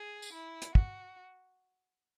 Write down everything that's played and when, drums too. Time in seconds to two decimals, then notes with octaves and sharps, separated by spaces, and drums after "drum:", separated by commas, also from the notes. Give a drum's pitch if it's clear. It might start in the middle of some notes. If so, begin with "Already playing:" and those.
Already playing: G#4
0.22 drum: tambourine
0.32 E4
0.62 drum: hi-hat
0.75 F#4, drum: kick